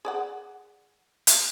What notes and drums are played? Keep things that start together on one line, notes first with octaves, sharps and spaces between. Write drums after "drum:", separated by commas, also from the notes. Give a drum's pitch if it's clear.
G#4 D5 F#5
drum: hi-hat